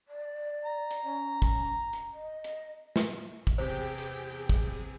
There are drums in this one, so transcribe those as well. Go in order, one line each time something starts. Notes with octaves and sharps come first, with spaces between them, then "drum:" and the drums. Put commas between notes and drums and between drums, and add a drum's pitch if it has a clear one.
D5
A#5
drum: hi-hat
C#4
drum: kick, hi-hat
drum: hi-hat
D#5
drum: hi-hat
drum: snare
drum: kick, hi-hat
E2 C3 G4 G#4 C5 G5
drum: hi-hat
drum: kick, hi-hat